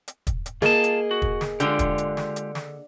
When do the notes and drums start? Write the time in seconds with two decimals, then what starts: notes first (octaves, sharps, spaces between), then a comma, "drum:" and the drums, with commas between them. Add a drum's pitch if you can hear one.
0.08 drum: hi-hat
0.27 drum: kick, hi-hat
0.46 drum: hi-hat
0.62 A#3 F4 G#4 D#5 A5, drum: snare
0.84 drum: hi-hat
1.11 F#4
1.22 drum: kick
1.41 drum: snare
1.60 D3 G#3 F4 G4, drum: hi-hat
1.79 drum: kick, hi-hat
1.98 drum: hi-hat
2.17 drum: snare
2.36 drum: hi-hat
2.55 drum: snare